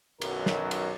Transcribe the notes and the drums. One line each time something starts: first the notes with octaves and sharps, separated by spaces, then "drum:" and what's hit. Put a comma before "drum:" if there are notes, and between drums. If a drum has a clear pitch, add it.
B1 F#2 D#3 F#3 A#4, drum: cymbal
drum: snare
drum: cymbal